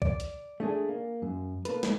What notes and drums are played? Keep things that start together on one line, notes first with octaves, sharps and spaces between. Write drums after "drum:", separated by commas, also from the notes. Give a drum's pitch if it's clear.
D5, drum: kick
drum: hi-hat
A3 D4 G#4
A#3
F#2
A#3 A4 B4, drum: hi-hat
drum: snare